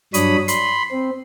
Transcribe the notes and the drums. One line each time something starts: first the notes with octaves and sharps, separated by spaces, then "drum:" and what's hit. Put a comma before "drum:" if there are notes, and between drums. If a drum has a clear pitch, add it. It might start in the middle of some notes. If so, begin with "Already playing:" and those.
G2 F#3 D4 C#5 B5 D#6, drum: hi-hat
B5 C6, drum: hi-hat
C4